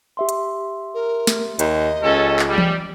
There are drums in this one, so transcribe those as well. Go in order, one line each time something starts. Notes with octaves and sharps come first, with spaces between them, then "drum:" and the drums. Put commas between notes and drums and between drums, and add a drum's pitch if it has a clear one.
G4 E5 C6
drum: hi-hat
A#4
drum: snare
D#2 D#5, drum: hi-hat
C#2 C#4 A4
drum: clap
G3
drum: tom E3